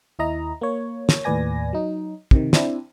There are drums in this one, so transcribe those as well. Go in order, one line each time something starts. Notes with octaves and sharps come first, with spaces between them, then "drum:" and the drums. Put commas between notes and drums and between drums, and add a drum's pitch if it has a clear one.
D#2 E4 D#5 A#5
A#3 C#5
drum: snare
D#2 A2 B4 D5 G#5 A#6
F#3 D#4
C3 D#3, drum: kick
C4 D4 E4, drum: snare